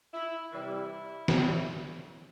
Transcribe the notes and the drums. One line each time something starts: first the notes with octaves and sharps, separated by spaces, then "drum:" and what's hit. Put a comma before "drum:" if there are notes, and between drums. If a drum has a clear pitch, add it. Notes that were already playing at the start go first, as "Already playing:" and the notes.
E4
C3 E3 G3 E4
A2 E3 G3, drum: snare